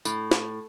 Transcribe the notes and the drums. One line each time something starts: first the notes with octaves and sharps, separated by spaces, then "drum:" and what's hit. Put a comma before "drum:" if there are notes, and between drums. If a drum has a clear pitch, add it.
A2, drum: tambourine
drum: snare